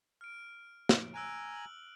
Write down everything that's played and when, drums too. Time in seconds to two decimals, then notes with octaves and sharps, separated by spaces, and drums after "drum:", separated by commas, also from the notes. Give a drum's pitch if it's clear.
0.21 F6 D7
0.89 drum: snare
1.14 G#5 A#5 E6 F#6 D7
1.56 F#7